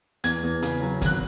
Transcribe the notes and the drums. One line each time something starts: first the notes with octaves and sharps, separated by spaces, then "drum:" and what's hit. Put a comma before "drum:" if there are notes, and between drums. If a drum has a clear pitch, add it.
E2 G#6, drum: hi-hat
E2
C#3, drum: hi-hat
F#3
G#1 F#6, drum: kick, hi-hat